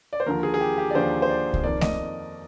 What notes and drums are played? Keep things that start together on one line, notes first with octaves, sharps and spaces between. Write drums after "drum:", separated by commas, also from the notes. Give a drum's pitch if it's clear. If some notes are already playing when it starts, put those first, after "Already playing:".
D5
C5
D#2 D3 F3 A#4
G#4
G#4
G4
G4
D5
D#2 D3 F3 C5
C5
D5
drum: kick C2
F2 D#3 A#3 D5
D#5, drum: snare A3